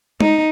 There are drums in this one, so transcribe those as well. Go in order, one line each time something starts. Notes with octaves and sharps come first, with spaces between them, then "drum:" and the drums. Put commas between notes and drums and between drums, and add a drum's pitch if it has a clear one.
D#4, drum: tom